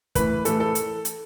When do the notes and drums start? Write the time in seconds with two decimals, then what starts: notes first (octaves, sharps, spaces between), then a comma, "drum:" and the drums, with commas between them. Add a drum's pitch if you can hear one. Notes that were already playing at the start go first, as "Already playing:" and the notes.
0.15 A2 E3 B4, drum: kick, hi-hat
0.45 A2 E3 A4, drum: hi-hat
0.60 A4
0.75 drum: hi-hat
1.05 drum: hi-hat